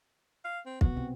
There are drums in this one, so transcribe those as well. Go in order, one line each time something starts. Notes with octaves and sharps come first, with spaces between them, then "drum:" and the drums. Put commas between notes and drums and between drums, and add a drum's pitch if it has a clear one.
F5
C4
B2 B3 F#4, drum: kick
C3 C4